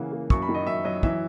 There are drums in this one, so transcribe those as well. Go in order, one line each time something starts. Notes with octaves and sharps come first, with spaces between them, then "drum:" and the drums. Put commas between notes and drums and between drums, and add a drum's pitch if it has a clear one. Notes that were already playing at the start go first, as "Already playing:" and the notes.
Already playing: C#3 E3 A#3 F#5
A#3
F#2 C#6, drum: kick
B5
D#3
D#5
F#2 E5
F#3 D#5
E3 E5, drum: kick